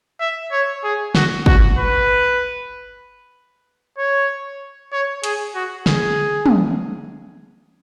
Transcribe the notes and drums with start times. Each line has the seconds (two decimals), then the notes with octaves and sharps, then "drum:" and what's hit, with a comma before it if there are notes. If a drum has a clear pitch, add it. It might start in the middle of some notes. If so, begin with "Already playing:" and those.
0.20 E5
0.52 C#5
0.83 G#4
1.15 F#4, drum: snare
1.46 F#4, drum: kick
1.77 B4
3.97 C#5
4.92 C#5
5.24 G#4, drum: hi-hat
5.55 F#4
5.86 G#4, drum: snare
6.46 drum: tom